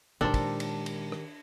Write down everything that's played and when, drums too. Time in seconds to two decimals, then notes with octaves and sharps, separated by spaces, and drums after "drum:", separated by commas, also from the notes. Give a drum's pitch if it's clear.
0.21 A#2 D#3 G#3 D4 G4 A4 A#4 C5
0.34 drum: kick, cymbal
0.60 drum: cymbal
0.86 drum: cymbal
1.12 drum: rim click